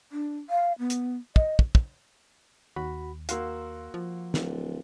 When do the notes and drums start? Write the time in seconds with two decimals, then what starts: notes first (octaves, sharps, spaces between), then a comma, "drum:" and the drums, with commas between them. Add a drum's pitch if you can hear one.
0.12 D4
0.50 F5
0.79 B3
0.90 drum: hi-hat
1.36 D#5, drum: kick
1.59 drum: kick
1.75 drum: kick
2.76 D#2 F#4 B5
3.29 A#3 F#4 F5 C6 E6, drum: hi-hat
3.94 F3
4.34 D1, drum: snare